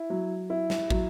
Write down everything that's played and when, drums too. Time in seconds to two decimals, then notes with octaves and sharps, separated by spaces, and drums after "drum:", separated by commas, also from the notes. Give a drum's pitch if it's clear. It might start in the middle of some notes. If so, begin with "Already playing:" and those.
Already playing: E4
0.10 F#3
0.50 E4
0.70 drum: snare
0.90 F#3, drum: kick